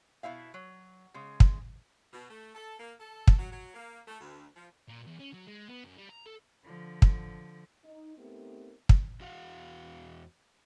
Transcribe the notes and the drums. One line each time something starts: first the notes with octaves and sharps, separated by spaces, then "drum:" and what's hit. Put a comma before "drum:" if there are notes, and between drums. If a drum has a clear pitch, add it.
B2 E4 E5 F5
F#3
C#3 G#3
drum: kick
B2
A3
A4
A#3
A4
drum: kick
F#3
F#3
A#3
A3
D2
F3
A#2
E2
C#4
F#3
G#3
B3
F#2
G3
A#5
A4
D3 F3
drum: kick
D#4
A3 B3 C4 D#4 G4 A#4
drum: kick
E2 F#4 F5 F#5